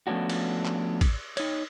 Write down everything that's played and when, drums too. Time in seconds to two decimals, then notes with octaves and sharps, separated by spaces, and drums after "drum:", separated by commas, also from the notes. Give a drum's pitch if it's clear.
0.07 F3 A3 B3 C#4 D4 F#4
0.29 drum: cymbal
0.65 drum: clap
1.01 drum: kick A1, cymbal
1.37 D#4 C#5, drum: cymbal